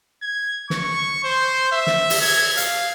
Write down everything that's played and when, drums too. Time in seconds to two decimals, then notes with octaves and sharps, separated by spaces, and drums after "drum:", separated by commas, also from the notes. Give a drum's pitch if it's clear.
0.22 G#6
0.70 C#6, drum: snare
1.24 C5
1.72 E5
1.87 drum: snare
2.10 drum: open hi-hat
2.21 G#6
2.57 F5, drum: hi-hat